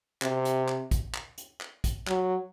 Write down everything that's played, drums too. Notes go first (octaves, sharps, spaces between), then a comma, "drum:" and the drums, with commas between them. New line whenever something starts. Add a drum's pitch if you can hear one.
C3, drum: clap
drum: hi-hat
drum: clap
drum: kick, hi-hat
drum: clap
drum: hi-hat
drum: clap
drum: kick, hi-hat
F#3, drum: clap